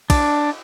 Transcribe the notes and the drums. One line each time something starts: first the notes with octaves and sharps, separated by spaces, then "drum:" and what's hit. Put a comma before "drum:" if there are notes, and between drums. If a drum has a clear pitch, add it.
D4, drum: kick, cymbal